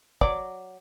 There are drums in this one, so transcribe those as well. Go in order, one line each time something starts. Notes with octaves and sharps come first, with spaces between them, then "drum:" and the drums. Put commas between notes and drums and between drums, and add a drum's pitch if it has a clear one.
F#3 D5, drum: kick